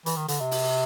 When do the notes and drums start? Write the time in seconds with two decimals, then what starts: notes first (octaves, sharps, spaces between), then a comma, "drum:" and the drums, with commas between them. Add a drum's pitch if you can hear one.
0.06 E3, drum: hi-hat
0.17 D#3
0.28 D3, drum: hi-hat
0.40 C3
0.51 drum: open hi-hat